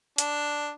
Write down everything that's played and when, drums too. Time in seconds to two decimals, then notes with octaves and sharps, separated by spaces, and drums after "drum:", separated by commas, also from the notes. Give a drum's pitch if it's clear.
0.18 D4, drum: hi-hat